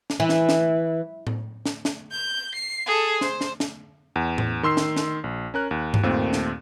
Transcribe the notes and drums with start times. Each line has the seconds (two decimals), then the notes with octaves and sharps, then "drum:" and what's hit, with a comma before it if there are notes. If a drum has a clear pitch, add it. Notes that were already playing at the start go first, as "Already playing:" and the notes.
0.10 drum: snare
0.20 E3
0.29 drum: snare
0.49 drum: snare
1.27 drum: tom A2
1.66 drum: snare
1.85 drum: snare
2.11 G6
2.55 C7
2.86 G#4 A4
3.21 C5, drum: snare
3.41 drum: snare
3.60 drum: snare
4.16 E2
4.38 drum: tom A2
4.63 D#3 C6 E6 C7
4.77 drum: snare
4.96 drum: snare
5.24 A#1
5.54 C#4 A#4 F#6
5.71 D#2
5.94 drum: tom G2
6.03 D#2 A#2 A3 C4
6.33 drum: snare